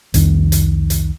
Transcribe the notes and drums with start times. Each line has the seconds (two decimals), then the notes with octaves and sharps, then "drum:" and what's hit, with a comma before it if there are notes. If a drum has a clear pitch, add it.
0.14 C2 F2 D#3, drum: hi-hat
0.52 drum: hi-hat
0.90 drum: hi-hat